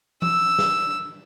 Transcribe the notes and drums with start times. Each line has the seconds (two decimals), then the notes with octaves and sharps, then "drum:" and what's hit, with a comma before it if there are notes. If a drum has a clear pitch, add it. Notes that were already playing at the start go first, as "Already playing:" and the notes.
0.22 E6, drum: tom E3
0.59 drum: snare